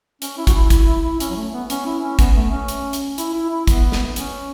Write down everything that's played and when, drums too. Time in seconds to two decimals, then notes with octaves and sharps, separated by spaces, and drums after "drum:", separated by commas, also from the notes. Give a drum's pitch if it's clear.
0.22 C#4, drum: hi-hat
0.38 E4
0.47 F#4, drum: kick, hi-hat
0.54 E4
0.70 E4, drum: kick, hi-hat
0.87 E4
1.04 E4
1.20 C#4, drum: hi-hat
1.30 F#3
1.36 A3
1.53 B3
1.70 C#4, drum: hi-hat
1.86 E4
2.03 C#4
2.19 B3, drum: kick, hi-hat
2.36 A3
2.52 C#4
2.68 drum: hi-hat
2.93 drum: hi-hat
3.18 E4, drum: hi-hat
3.34 E4
3.50 E4
3.67 B3, drum: kick, hi-hat
3.92 drum: snare
4.16 C#4, drum: hi-hat